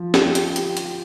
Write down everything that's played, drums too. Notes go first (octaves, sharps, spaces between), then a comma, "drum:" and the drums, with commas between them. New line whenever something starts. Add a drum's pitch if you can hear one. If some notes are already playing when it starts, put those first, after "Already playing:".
Already playing: F3
G4, drum: snare
drum: hi-hat
drum: hi-hat
drum: hi-hat